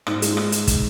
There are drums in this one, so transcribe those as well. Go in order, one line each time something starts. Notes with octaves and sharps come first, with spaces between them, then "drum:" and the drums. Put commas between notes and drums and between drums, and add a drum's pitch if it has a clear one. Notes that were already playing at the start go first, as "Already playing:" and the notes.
G#2, drum: rim click
G#3, drum: hi-hat
drum: rim click
drum: hi-hat
drum: kick, hi-hat